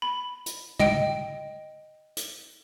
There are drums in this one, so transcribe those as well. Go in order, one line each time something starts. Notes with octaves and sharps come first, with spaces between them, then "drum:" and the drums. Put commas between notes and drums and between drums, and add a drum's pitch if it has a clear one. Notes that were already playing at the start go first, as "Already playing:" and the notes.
B5
drum: hi-hat
D#5 G5 D7, drum: tom
drum: hi-hat